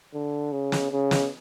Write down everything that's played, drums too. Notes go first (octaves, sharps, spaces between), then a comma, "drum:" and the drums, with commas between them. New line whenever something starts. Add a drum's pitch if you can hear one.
D3
C#3
drum: snare
C#3
drum: snare